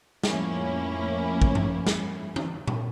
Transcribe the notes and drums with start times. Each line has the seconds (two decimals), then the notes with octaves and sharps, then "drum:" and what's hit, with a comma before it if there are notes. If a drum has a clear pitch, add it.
0.24 F2 A2 F3 A#3 C#4 E4, drum: snare
1.42 drum: kick
1.55 drum: tom G2
1.87 drum: snare
2.36 drum: tom
2.68 drum: tom A#2